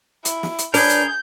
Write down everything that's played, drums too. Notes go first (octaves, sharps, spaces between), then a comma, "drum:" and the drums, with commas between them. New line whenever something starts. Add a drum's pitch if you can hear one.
E4, drum: hi-hat
drum: snare
drum: hi-hat
D4 G#4 A#4 B4 G6, drum: open hi-hat
drum: hi-hat